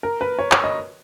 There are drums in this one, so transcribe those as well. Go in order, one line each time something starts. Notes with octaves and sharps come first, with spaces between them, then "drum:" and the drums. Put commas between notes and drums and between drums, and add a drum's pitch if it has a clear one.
A#4
B4
C#5
C#5, drum: clap
D#5